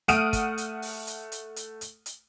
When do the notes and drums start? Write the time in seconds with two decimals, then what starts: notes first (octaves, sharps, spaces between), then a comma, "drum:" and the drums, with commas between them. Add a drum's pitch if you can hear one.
0.08 A3 F#5 D#6 F6 D7 D#7, drum: hi-hat
0.33 drum: kick, hi-hat
0.58 drum: hi-hat
0.82 drum: open hi-hat
1.07 drum: hi-hat
1.32 drum: hi-hat
1.56 drum: hi-hat
1.81 drum: hi-hat
2.06 drum: hi-hat